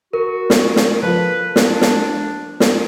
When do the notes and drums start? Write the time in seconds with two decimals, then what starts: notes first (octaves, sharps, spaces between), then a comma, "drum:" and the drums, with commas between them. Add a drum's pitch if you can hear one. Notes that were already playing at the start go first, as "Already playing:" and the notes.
0.13 F#4 A#4
0.50 drum: snare
0.76 drum: snare
1.02 F3 A4 B4
1.56 D4, drum: snare
1.81 drum: snare
2.60 drum: snare